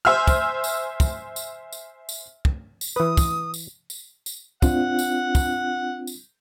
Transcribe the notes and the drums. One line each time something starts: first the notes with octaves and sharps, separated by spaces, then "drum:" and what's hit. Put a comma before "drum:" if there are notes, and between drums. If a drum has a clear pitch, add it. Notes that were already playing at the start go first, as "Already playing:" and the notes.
C5 E5 G#5 E6 F6
drum: kick, tambourine
drum: tambourine
drum: kick, tambourine
drum: tambourine
drum: tambourine
drum: tambourine
drum: kick
drum: tambourine
E3 B4 D#6
drum: kick, tambourine
drum: tambourine
drum: tambourine
drum: tambourine
C4 D4 F4 F#5, drum: kick, tambourine
drum: tambourine
drum: kick, tambourine
drum: tambourine